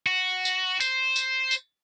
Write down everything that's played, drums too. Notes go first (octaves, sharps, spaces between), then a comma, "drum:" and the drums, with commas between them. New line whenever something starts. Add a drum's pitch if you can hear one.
F#4
drum: tambourine
C5, drum: tambourine
drum: tambourine
drum: tambourine